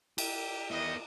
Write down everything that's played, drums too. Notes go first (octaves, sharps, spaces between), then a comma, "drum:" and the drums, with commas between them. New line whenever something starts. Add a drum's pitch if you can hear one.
G4, drum: cymbal
D#3 G3 B3 E4 D#5